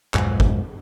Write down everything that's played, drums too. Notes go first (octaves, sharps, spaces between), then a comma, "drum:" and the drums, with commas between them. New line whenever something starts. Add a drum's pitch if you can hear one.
B1 F2 G#2 G#3, drum: clap
drum: kick G1